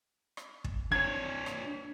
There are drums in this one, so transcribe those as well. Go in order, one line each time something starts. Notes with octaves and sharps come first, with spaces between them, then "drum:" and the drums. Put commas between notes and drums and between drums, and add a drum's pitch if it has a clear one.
drum: rim click
drum: kick
D4 C#5 G#6
drum: rim click